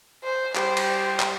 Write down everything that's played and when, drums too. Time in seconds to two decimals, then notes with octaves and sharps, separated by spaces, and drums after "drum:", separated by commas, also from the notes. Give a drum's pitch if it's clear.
0.24 C5
0.55 G3 C5, drum: clap
0.77 drum: cymbal
1.20 drum: clap